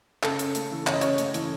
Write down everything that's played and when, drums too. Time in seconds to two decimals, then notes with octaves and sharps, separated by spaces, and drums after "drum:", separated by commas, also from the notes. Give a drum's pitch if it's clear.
0.23 C#3 A4, drum: clap
0.39 C#4, drum: hi-hat
0.55 A3, drum: hi-hat
0.72 E3
0.87 C#3 C#5, drum: clap
0.94 D#5
1.01 C#4 C#5, drum: hi-hat
1.18 A3, drum: hi-hat
1.34 E3, drum: hi-hat